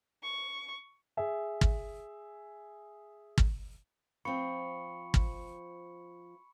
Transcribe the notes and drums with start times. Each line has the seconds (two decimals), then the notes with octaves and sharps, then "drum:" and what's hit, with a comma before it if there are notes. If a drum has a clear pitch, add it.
0.23 C#6
1.17 G#4 E5
1.61 drum: kick
3.38 drum: kick
4.25 F3 C4 B5 C#6 C#7
5.14 drum: kick